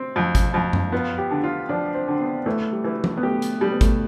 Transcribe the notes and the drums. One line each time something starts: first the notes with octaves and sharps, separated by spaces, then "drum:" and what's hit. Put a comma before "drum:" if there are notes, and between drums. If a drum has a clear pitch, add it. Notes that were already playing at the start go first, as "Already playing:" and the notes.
Already playing: C4
F2
drum: kick G#1, hi-hat
F2
drum: tom F#2
B3 F4
G4
D3
F4
F3 D4
C4
D3
B3
E3 A3
G3
E3
drum: tom E3
B3
A3 G4
drum: hi-hat
G3 A3
B3
A3, drum: kick G#1, hi-hat